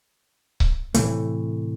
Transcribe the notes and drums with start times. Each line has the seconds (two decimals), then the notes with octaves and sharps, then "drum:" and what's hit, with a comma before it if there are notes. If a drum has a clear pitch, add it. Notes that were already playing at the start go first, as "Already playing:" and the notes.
0.60 drum: kick C#1
0.94 A2 C3 E3 A3, drum: hi-hat